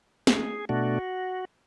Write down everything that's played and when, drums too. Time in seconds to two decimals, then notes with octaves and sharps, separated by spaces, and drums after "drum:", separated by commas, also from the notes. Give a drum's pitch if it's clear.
0.27 G#4, drum: snare
0.69 B2 A3 D4 F#4